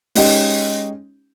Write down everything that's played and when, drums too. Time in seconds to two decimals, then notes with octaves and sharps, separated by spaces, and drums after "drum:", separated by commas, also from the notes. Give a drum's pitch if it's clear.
0.15 G#3 C#4 D#4 G4, drum: open hi-hat